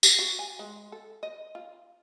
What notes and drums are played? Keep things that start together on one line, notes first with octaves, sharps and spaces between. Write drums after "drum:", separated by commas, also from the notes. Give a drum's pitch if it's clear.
G4, drum: tambourine
F#4
G#5
G#3
A4
D#5
F4